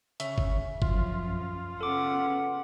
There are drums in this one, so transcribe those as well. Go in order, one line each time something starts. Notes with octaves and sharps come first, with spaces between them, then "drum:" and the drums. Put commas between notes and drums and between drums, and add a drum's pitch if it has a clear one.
C#3 E5, drum: hi-hat
drum: kick
F#2 F3 F4, drum: kick
C#3 B3 C#4 A4 F#5 D6